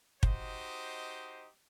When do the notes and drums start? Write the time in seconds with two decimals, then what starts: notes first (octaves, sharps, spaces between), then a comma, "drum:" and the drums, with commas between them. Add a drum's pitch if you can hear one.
0.23 D#4 F#4 G4 C5 D#5, drum: kick